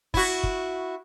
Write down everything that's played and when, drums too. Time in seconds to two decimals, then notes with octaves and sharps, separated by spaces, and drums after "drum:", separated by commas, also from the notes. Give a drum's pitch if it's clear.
0.14 E4 F#4, drum: kick
0.43 drum: kick